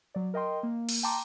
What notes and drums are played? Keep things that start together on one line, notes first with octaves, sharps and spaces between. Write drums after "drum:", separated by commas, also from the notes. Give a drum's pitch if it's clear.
F#3 D5
A#4 D#5 G5 C6
A#3
drum: cymbal
G5 A5 A#5 C6 D6